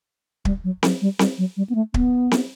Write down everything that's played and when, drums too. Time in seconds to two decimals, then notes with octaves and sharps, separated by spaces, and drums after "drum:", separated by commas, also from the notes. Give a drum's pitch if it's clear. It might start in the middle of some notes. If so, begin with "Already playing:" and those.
0.45 G3, drum: kick
0.64 F#3
0.83 F#3, drum: snare C4
1.02 G3
1.19 G3, drum: snare C4
1.38 F#3
1.57 G3
1.70 B3
1.75 A3
1.94 B3, drum: kick
2.31 drum: snare C4